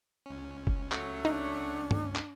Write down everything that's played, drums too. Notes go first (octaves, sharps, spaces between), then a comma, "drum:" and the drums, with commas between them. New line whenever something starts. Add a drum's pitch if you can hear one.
C#2 C#4
drum: kick F#1
F#3 A3, drum: clap
D4 D#4
drum: tom G2
drum: clap